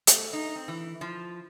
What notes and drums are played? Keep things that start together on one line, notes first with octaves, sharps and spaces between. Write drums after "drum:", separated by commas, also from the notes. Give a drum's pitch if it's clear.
A3, drum: hi-hat
D#4
C4
E3
F3